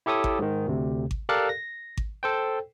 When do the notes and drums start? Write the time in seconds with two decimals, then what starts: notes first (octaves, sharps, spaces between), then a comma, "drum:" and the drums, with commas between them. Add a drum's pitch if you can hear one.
0.06 E4 G4 A4 C#5 D#6
0.24 drum: kick G#1
0.39 G#2 D#3
0.67 D2 C3
1.11 drum: kick G#1
1.29 G4 A4 A#4 D5 F5 F#6
1.49 A#6
1.97 drum: kick G#1
2.23 A4 C5 G5